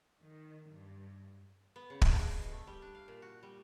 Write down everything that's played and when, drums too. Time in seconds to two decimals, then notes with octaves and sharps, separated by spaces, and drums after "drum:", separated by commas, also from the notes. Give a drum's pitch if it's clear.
0.20 D#3
0.69 G2
1.76 B3
1.90 C#3
2.02 D4, drum: kick
2.19 G#4
2.37 B2
2.52 A3
2.67 G3
2.82 D4
2.95 F5
3.08 A#2
3.22 F#4
3.43 G3